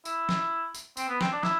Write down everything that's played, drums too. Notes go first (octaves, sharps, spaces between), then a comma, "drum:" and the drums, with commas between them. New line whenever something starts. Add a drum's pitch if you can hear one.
E4, drum: tambourine
drum: snare
drum: tambourine
C4, drum: tambourine
B3
C4, drum: snare
D4
E4, drum: snare